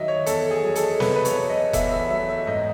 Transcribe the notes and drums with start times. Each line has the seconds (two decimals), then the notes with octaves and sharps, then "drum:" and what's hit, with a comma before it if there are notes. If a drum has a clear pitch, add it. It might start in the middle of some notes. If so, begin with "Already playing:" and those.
Already playing: D#3 F#3 D#5 E5
0.08 C#5
0.26 E2 A4, drum: hi-hat
0.51 G#4
0.63 F#3
0.76 A4, drum: hi-hat
1.00 E2 B4, drum: snare
1.16 B4
1.25 C#5, drum: hi-hat
1.37 F#3
1.49 D#5
1.73 E2 E5, drum: kick F1, hi-hat
1.92 E5
2.10 F#3 E5
2.29 E5
2.47 G#2 D#5